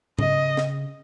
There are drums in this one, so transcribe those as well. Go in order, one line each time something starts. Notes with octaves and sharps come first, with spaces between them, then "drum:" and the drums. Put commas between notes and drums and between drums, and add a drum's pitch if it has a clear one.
C#3 D#5, drum: tom G#2
drum: snare